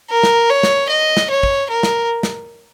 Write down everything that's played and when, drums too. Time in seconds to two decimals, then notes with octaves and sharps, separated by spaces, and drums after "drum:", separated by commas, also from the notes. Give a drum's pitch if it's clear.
0.10 A#4
0.23 drum: snare
0.50 C#5
0.63 drum: snare
0.90 D#5
1.17 drum: snare
1.30 C#5
1.43 drum: kick
1.70 A#4
1.83 drum: snare
2.23 drum: snare